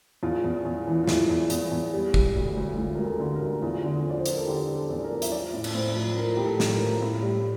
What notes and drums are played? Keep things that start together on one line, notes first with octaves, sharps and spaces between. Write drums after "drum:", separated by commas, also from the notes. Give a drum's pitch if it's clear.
E2 F4
E2
E2
E3
F4
E2 E4, drum: snare
E2
E2, drum: hi-hat
E2
G3
G3, drum: kick
D2
D2
D2 F4
D2 A#4
A4
D3
A#4
D2
E2 F4
D3
F3
D5
C5
F3 A#4, drum: hi-hat
A4
D3 G4
D3
A4
E2
A#4
F3
E5, drum: hi-hat
F3 D5
A2
drum: cymbal
A2 C5
F3
F3 A#4
A2 G4
A4
A2, drum: snare
A#4
F3
A2
G3